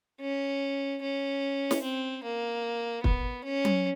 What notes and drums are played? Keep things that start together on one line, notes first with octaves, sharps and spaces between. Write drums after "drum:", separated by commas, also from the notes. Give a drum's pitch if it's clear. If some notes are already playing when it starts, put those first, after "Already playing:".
C#4
C#4
drum: snare
C4
A#3
B3, drum: kick
C#4
drum: tom F#3